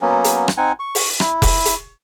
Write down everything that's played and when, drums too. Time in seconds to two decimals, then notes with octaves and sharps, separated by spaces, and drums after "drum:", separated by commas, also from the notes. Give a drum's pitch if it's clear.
0.01 F#3 A#3 B3 C#4
0.24 drum: hi-hat
0.48 drum: rim click
0.57 C4 D#4 F#5 G#5
0.80 C#6
0.95 drum: open hi-hat
1.20 E4, drum: rim click
1.42 drum: kick F1, open hi-hat
1.65 drum: hi-hat